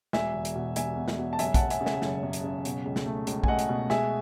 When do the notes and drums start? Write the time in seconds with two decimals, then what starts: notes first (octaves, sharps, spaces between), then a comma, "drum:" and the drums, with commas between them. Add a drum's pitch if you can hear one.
0.13 E1 E5 G#5, drum: snare
0.34 E2
0.45 drum: hi-hat
0.55 B2
0.76 E1 E5 G#5, drum: hi-hat
0.97 B2
1.08 drum: snare
1.19 B2
1.33 A5
1.39 F#1 E5 G#5, drum: hi-hat
1.54 F#5 A5, drum: kick A#1, hi-hat
1.60 F#2
1.70 E5 G#5, drum: hi-hat
1.81 C#3
1.86 E5 G#5, drum: snare
2.02 F#1, drum: snare
2.23 F#2
2.33 drum: hi-hat
2.44 C#3
2.65 B2, drum: hi-hat
2.86 C#2
2.96 drum: snare
3.06 A3
3.27 C#2, drum: hi-hat
3.44 G#5, drum: kick A#1
3.48 A3 D#5 F#5
3.59 drum: hi-hat
3.69 B2
3.90 G#3 E5 G#5, drum: snare